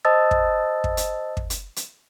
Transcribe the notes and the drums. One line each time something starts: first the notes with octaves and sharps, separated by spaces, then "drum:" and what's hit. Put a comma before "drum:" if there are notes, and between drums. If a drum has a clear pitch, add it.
C5 D#5 A5 D#6 E6 A6
drum: kick
drum: kick
drum: hi-hat
drum: kick
drum: hi-hat
drum: hi-hat